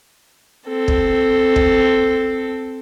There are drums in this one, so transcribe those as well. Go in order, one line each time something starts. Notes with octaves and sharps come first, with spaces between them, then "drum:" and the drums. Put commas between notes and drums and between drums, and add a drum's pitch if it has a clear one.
C4 A4
drum: kick
drum: kick